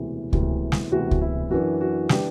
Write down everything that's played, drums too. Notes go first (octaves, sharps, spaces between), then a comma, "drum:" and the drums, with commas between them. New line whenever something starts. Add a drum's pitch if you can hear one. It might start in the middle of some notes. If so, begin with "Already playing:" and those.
Already playing: E1 D2 C3 E3
E1 D2 C3 E3, drum: kick C#2
drum: snare
E1 D2 C3 E3 F#4
drum: kick C#2
E4
F#2 E3 B3 D4 F#4
F#4
E3 B3 D4 G4, drum: snare